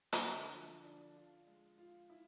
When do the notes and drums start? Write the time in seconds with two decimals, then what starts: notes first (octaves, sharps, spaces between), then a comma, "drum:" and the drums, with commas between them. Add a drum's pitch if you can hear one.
0.13 drum: hi-hat
0.22 D3
0.53 F3
0.85 D4
1.16 F4
1.47 G#3
1.78 F4
2.10 E4